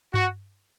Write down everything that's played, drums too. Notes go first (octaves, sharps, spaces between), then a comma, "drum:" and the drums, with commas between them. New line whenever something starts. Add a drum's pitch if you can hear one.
F#4, drum: tom G2